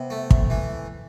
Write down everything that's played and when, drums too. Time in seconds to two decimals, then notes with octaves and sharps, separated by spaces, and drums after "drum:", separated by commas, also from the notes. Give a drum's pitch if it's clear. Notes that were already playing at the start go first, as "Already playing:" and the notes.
Already playing: C3 B3
0.10 A3
0.31 drum: kick
0.50 E3